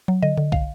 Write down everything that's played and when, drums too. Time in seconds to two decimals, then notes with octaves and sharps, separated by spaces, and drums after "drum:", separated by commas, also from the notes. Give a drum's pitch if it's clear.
0.08 F#3
0.22 D3 D#5
0.37 D3
0.52 F5, drum: kick